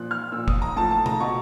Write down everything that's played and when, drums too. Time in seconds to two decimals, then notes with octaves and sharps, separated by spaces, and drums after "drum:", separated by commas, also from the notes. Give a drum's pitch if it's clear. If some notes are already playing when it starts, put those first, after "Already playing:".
Already playing: A#2 F3 F#6
0.11 F6
0.32 A#2 F3 E6
0.48 D#6, drum: kick
0.62 A#5
0.76 A2 F3 A5
0.91 A5
1.06 A#5, drum: tom
1.20 B2 C#6